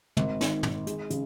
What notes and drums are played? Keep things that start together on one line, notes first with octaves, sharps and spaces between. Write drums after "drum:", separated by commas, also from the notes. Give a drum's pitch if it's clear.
G#1, drum: tom
D#3, drum: snare
D#3, drum: tom
G#3, drum: hi-hat
C#3, drum: hi-hat